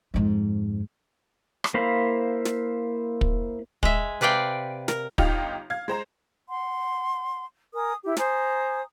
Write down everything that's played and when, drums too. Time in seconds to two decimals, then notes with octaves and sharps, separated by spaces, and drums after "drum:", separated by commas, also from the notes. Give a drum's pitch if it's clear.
0.14 F2 G#2
1.64 drum: rim click
1.74 A#3 E4 C5 F5 B5
2.45 drum: snare
3.21 drum: kick
3.83 G#3 E5, drum: kick
4.21 C3 B4 D5 F5 G5
4.88 A#4, drum: snare
5.18 G1 D#4 F4 G4 F5 F7, drum: kick
5.70 F5 G#6
5.88 G#3 C5 A#5
6.48 F#5 C6
7.73 A#4 G#5 D#6
8.03 E4 G4
8.17 C5 G#5 A#5 D#6, drum: snare